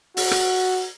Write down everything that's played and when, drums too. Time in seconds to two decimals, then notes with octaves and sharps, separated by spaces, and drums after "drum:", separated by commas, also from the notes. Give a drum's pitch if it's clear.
0.17 F#4, drum: open hi-hat
0.31 drum: rim click